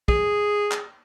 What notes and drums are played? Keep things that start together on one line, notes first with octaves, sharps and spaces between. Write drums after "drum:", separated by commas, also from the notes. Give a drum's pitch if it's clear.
G#4, drum: kick
drum: clap